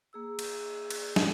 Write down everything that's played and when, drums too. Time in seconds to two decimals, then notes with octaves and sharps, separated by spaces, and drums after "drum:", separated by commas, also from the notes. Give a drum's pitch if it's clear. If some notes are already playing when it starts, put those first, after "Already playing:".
0.13 A#3 G#4 E6
0.39 drum: cymbal
0.90 drum: cymbal
1.16 drum: snare